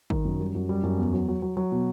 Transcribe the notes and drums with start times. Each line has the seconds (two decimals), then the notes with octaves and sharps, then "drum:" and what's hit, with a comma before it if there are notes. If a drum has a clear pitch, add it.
0.10 D#3, drum: kick G#1
0.25 F#2
0.40 G3
0.55 F#2
0.69 G3
0.83 F#2
0.98 E2
1.13 F#3
1.28 F#3
1.42 F#3
1.57 F#3
1.72 B2